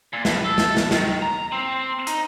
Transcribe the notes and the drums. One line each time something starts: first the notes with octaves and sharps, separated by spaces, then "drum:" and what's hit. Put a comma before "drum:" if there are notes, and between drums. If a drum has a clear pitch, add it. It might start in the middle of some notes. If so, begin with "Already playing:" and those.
A#2
G2, drum: snare
A4
drum: snare
drum: snare
D#3, drum: snare
A#5
C4
D#4, drum: hi-hat